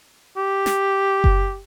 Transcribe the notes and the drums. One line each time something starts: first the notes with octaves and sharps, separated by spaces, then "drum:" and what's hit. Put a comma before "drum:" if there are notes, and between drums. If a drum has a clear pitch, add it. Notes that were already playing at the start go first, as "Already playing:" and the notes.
G4
drum: snare
drum: kick F#1